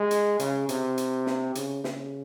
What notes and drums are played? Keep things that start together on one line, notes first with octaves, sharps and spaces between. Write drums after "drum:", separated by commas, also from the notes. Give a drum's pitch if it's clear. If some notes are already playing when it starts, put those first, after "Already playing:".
Already playing: G#3
drum: hi-hat
C#3, drum: hi-hat
C3, drum: hi-hat
drum: hi-hat
drum: snare
C#3, drum: hi-hat
C#3, drum: snare